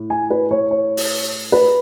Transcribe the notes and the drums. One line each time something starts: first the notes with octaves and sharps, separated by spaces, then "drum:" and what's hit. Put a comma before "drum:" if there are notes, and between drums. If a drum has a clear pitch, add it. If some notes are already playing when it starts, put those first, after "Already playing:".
Already playing: A2
G#5
B4
C#5
C#5
drum: open hi-hat
B4